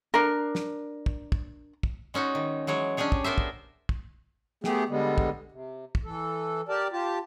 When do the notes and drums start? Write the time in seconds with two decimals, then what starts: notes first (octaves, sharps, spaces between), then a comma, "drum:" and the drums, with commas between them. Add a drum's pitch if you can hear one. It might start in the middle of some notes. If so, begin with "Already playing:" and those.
0.14 D4 A#4
0.55 drum: snare
1.06 drum: kick
1.32 drum: kick
1.83 drum: kick
2.14 G#3 C#4 D#4 F#4
2.35 D#3
2.67 E3 F#3 G#3 C#5
2.97 C#4 D4 G4 G#4 C#5
3.12 drum: kick
3.24 B3 A#4 C5 E5
3.38 drum: kick
3.89 drum: kick
4.64 A3 B3 G4 G#4, drum: snare
4.89 D3 G3 G#3 B3
5.18 drum: kick
5.52 C3
5.95 drum: kick
6.04 E3 A4
6.69 G4 A#4 D5 A5
6.92 F4 G4 A5